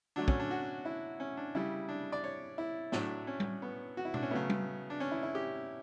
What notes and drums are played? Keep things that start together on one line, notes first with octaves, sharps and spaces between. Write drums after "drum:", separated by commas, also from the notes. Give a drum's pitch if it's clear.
D3 F#3 A3 D4
C#4, drum: kick
D4
F#4
E4
C#4
D4
C#3 G3 E4
D4
D5
C#5
E4
A2 F#3 A3 D4, drum: snare
C#4
drum: tom G3
B3
F#4
E4
D4, drum: tom B2
C#4
C#3 F#3 A3 B3
drum: tom G3
D4
C#4
E4
E4
G4